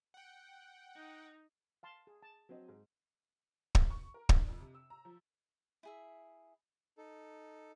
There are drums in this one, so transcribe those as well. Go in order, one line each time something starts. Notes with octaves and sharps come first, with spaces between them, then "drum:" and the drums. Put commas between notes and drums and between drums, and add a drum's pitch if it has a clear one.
F#5 G5
D#4
F5 A5 C6
G#4
A5
F#3 C4 D#5
G#2
drum: kick
C#6
A#4
D4, drum: kick
F2
C3
E6
A#5
F3
E4 G#4 E5
D#4 A4